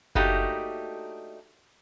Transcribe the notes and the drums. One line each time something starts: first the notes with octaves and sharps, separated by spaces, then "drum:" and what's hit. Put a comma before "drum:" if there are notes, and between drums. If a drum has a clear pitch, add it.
A3 A#3 D4 D#4 F#4 G4, drum: kick F#1